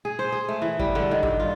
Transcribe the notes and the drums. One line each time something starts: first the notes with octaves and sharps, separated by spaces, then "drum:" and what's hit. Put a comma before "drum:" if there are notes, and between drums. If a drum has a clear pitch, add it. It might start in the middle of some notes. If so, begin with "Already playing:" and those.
G#4
C5
G#4
A3
E3
G3, drum: kick G1
D3
D#3
G2, drum: kick G1
F4